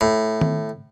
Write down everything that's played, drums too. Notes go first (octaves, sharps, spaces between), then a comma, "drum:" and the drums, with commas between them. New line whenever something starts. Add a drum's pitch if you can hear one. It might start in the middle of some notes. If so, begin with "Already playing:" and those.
A2
drum: tom D#3